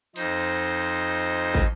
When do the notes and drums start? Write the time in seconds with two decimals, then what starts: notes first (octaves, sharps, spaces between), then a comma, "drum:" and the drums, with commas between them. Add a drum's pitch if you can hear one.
0.16 F2 D#4 C5, drum: hi-hat
1.54 drum: kick